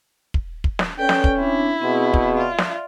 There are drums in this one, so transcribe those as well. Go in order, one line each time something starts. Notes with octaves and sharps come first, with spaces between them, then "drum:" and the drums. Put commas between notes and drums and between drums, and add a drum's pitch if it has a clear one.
drum: kick
drum: kick
drum: snare
C#4 A4 B4 D5 G5
drum: snare
drum: kick
C4 D4 E4
B2 C4 G#4
drum: kick
F4 D5 E5
drum: snare